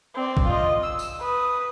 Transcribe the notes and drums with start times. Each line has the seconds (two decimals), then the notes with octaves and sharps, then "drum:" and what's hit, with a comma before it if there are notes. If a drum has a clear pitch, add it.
0.15 C4 D5
0.37 drum: kick A#1
0.46 F4 D#5
0.83 E6
0.99 drum: tambourine
1.20 B4 D#6